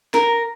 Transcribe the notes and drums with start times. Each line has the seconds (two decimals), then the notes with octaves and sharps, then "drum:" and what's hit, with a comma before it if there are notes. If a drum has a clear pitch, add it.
0.14 A#4, drum: snare